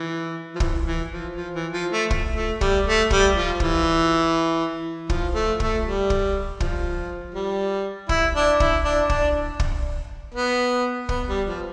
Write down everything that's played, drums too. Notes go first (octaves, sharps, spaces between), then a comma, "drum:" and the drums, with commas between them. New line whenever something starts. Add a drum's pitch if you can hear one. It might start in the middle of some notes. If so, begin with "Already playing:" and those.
Already playing: E3
F3
E3, drum: kick
E3
F3
F3
E3
F3
A3
drum: kick
A3
G3, drum: kick
A3
G3, drum: kick
F3
E3, drum: kick
F3, drum: kick
A3
A3, drum: kick
G3
drum: kick
F3, drum: kick
G3
E4, drum: kick
D4
E4, drum: kick
D4
D4, drum: kick
drum: kick
B3
B3, drum: kick
G3
F3